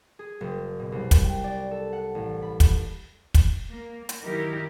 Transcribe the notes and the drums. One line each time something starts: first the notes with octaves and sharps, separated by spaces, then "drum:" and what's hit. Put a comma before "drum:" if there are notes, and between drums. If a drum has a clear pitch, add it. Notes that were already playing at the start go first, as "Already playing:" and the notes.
G#4
F#1
B2
C2
drum: kick, hi-hat
G5
D5
A4
F#5
A1
B5
drum: kick, hi-hat
drum: kick, hi-hat
A#3
drum: hi-hat
D#3 F#3 D#4 E4 G4 A#4